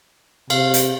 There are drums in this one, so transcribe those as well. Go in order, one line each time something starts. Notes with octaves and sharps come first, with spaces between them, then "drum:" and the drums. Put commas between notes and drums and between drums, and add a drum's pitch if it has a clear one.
C3 F5, drum: cymbal
drum: hi-hat